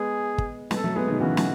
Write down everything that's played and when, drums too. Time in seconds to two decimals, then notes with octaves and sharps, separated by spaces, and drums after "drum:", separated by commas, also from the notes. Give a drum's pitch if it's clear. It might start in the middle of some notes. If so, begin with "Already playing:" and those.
Already playing: G#3 B3 G#4
0.38 drum: kick
0.71 G#3 B3 A4, drum: snare
0.84 F#3 A3
0.96 G#3 B3 G#4
1.08 B2 D#3
1.20 C#3 E3 F#4
1.37 drum: snare